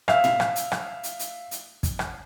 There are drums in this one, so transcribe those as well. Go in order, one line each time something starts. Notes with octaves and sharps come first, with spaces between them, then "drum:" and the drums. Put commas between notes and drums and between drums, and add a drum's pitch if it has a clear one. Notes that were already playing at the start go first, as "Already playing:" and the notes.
E5 F5, drum: rim click
drum: tom A2
drum: rim click
drum: hi-hat
drum: rim click
drum: hi-hat
drum: hi-hat
drum: hi-hat
drum: kick, hi-hat
drum: rim click